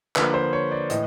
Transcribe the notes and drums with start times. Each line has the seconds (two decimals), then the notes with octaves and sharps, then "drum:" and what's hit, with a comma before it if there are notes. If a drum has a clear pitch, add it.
0.16 D3 F3 A#3 B4, drum: clap
0.34 C5
0.53 C#5
0.72 D5
0.90 A2 E3 D#5, drum: hi-hat